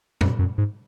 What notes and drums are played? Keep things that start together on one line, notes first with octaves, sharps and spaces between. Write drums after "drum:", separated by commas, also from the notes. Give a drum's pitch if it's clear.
F#2, drum: tom A#2
F#2
G#2